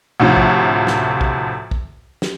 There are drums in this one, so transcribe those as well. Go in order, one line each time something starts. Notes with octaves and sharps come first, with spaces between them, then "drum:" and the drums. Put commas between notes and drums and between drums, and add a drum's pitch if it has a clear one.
D2 A2 C3 F3
drum: kick
drum: snare
drum: kick
drum: kick
drum: snare